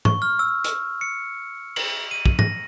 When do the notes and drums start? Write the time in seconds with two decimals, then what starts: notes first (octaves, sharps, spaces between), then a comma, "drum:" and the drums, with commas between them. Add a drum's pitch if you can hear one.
0.05 C#6, drum: tom G#2
0.22 F6
0.39 E6
0.64 drum: hi-hat
1.01 C#7
1.76 F#7, drum: cymbal
2.11 D#7
2.26 drum: kick
2.39 A#6, drum: tom G#2